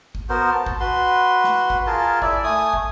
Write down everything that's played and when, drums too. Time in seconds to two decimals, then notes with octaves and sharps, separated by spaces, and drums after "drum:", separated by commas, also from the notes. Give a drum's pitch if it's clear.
0.15 drum: kick
0.29 B3 F#4 A#4 C5
0.52 A5
0.66 drum: kick
0.80 F#4 B4 C6
1.44 drum: snare
1.70 drum: kick
1.87 F4 G#4 A#4 A5
2.22 E4 D5 E5, drum: kick
2.44 A3 G#5 D#6
2.74 drum: kick